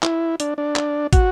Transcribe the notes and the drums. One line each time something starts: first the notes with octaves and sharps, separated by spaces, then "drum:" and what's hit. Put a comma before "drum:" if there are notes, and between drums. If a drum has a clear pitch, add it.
E4, drum: clap
D4, drum: hi-hat
D4
drum: clap
F#4, drum: kick, hi-hat